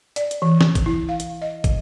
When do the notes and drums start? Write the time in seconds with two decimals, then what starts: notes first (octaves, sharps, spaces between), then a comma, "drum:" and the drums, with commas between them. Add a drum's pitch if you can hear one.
0.16 D5, drum: hi-hat
0.31 drum: hi-hat
0.42 E3
0.61 drum: snare
0.75 drum: kick, hi-hat
0.86 E4
1.09 F5
1.20 drum: hi-hat
1.42 D#5
1.64 drum: kick, hi-hat